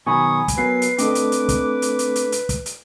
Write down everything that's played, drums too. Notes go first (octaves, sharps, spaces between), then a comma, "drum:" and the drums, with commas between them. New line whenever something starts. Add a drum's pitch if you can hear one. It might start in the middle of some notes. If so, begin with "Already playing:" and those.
B2 D#3 F#3 G#5 B5 C#6 D#6
drum: kick, hi-hat
F#3 B3 A#4 B4 C7
drum: hi-hat
A3 C4 D4 A4 D#5 D6, drum: hi-hat
drum: hi-hat
drum: hi-hat
drum: kick, hi-hat
drum: hi-hat
drum: hi-hat
drum: hi-hat
drum: hi-hat
drum: kick, hi-hat
drum: hi-hat